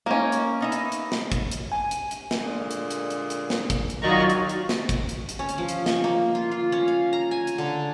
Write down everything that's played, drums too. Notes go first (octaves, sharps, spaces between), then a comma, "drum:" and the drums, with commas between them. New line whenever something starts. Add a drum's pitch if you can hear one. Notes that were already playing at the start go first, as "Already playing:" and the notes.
A#3 C#4 D#4 A#4
drum: hi-hat
B3 D#4 E5
drum: hi-hat
drum: hi-hat
drum: snare
drum: kick, hi-hat
drum: hi-hat
G#5
drum: hi-hat
drum: hi-hat
drum: snare
A#2 D3 G#3
drum: hi-hat
drum: hi-hat
drum: hi-hat
drum: hi-hat
drum: snare
drum: kick, hi-hat
drum: hi-hat
D#3 F#3 F4 D5 D#5 A#5 C#6
drum: hi-hat
drum: hi-hat
drum: snare
drum: kick, hi-hat
drum: hi-hat
drum: hi-hat
C#4
drum: hi-hat
F3
drum: hi-hat
C#6, drum: snare
A#3
F4
F4
C#4
F5
A#5
G#5
drum: hi-hat
D3